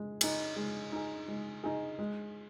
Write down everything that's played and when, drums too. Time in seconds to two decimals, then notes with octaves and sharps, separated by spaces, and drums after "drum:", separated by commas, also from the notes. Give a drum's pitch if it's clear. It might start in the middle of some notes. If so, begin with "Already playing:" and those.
Already playing: G#3
0.21 D#4 G#4, drum: cymbal
0.56 G#3
0.92 D#4 G#4
1.28 G#3
1.64 D#4 G#4
1.99 G#3